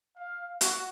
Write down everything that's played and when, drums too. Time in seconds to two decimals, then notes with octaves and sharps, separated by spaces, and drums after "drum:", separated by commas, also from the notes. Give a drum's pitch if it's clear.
0.16 F5
0.61 F#4, drum: hi-hat